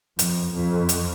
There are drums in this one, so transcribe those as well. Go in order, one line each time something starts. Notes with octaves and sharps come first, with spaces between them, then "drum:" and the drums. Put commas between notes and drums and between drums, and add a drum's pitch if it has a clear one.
F2, drum: hi-hat
F2
drum: hi-hat